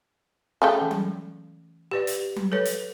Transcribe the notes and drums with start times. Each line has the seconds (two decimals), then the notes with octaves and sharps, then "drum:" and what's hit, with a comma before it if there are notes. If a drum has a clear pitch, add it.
0.62 C#3 A3 G5
0.81 E3
0.91 drum: tom F#3
1.91 G4 B4 D5
2.07 drum: hi-hat
2.36 drum: tom F#3
2.52 A4 B4 C#5
2.65 drum: hi-hat